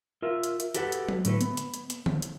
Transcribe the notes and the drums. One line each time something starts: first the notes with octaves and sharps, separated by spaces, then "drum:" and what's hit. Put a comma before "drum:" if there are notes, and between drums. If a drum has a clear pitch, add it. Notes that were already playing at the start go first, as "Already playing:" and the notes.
F4 A#4 E5
drum: hi-hat
drum: hi-hat
F#4 G4 A4 B4 D5 F#5, drum: hi-hat
drum: hi-hat
drum: tom F#3
A2 D3 A3 B4, drum: hi-hat
B3, drum: hi-hat
drum: hi-hat
drum: hi-hat
drum: hi-hat
drum: tom D3
drum: hi-hat